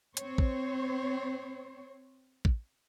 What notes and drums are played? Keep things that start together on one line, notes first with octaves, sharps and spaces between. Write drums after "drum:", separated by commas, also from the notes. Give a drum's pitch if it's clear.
C4 C5 C#5, drum: hi-hat
drum: kick
drum: kick